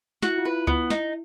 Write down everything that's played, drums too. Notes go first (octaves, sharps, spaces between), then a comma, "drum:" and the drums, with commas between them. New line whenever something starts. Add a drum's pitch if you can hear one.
E4 F#4, drum: snare
F4
E4 B4
B3, drum: kick C#2
D#4, drum: snare